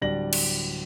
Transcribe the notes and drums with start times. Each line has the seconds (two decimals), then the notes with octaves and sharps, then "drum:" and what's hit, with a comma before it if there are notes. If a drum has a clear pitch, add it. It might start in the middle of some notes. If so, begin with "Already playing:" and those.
0.01 D1 G3 D4 D5 A#6 F#7
0.33 drum: cymbal